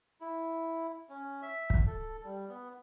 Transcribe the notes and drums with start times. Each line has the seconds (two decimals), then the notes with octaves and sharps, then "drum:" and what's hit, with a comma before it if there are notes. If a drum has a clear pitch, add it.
0.21 E4
1.10 C#4
1.42 E5
1.70 drum: kick
1.87 A4
2.24 G3
2.49 B3